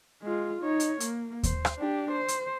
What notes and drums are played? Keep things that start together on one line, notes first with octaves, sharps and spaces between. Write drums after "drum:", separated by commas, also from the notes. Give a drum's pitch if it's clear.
G#3 F4
D#4 C#5
drum: hi-hat
A#3, drum: hi-hat
C5, drum: kick D#2, hi-hat
drum: rim click
D4 G4
C5
drum: hi-hat